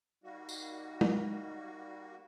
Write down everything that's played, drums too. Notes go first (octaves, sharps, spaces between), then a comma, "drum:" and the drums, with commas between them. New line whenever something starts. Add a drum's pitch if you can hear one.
G3 A#3 D#4 F#4
drum: tambourine
drum: tom